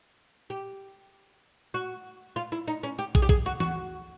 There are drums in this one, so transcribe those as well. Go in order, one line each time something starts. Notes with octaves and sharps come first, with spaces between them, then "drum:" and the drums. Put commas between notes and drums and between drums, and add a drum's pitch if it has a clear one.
G4
F#4
F4
E4
D#4
C#4
G4
G#4, drum: kick
G4
G#4, drum: kick
F#4
F#4, drum: tom E3